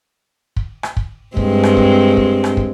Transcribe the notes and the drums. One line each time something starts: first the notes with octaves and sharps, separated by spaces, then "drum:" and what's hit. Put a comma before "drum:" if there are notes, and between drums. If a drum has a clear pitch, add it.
drum: kick
drum: rim click
drum: kick
G2 G#3 C4, drum: kick
drum: rim click
drum: kick
drum: kick
drum: rim click
drum: kick